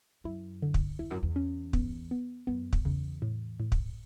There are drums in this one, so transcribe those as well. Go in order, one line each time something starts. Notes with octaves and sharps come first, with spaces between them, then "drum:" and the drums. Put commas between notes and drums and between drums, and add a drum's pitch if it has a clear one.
F#2 E4
D3
drum: kick
E2 E4
F#2
E2
C#4
B3, drum: kick
B3
F#2 B3
drum: kick
E2 C#3
A2
A2
drum: kick